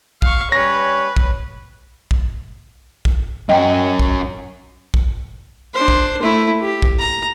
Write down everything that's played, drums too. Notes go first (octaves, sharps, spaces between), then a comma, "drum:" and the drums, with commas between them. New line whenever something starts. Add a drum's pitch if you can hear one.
F5 C#6, drum: kick
G3 C#4 B4 C#5 A#6
drum: kick
drum: kick
drum: kick
F#2 C#4 D#5 G5
drum: kick
drum: kick
D4 C5
drum: kick
A3 E4
G4
drum: kick
A#5